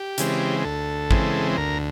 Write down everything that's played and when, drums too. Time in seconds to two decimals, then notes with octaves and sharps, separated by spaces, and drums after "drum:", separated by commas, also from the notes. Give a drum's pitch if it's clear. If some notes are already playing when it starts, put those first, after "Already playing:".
Already playing: G4
0.18 C#3 E3 G#3 C4, drum: hi-hat
0.64 D2 A4
1.11 C#3 E3 G#3 C4, drum: kick
1.57 D2 A#4